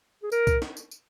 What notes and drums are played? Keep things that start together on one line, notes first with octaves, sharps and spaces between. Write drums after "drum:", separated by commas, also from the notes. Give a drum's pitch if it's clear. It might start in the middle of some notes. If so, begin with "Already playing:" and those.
G#4
A#4, drum: tambourine
drum: kick C2, tambourine
drum: snare
drum: tambourine
drum: tambourine